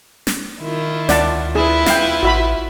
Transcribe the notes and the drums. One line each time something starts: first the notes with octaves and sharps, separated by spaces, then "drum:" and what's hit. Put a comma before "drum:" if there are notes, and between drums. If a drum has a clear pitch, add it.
drum: snare
D#3 E4 F4
D2 D5 F#5 A5, drum: snare
E4 F4 G#4 B4
F5 G5, drum: snare
A1 F#4 E5 B5